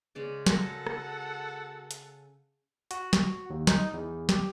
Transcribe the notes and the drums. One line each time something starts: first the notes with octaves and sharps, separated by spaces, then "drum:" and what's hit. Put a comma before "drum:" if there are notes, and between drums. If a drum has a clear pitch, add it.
C#3 G#3 D5
F#4 A4 A#4 F#5 A#6, drum: snare
drum: rim click
drum: hi-hat
F#4, drum: hi-hat
drum: snare
D#2
D#4, drum: snare
E2
G4, drum: snare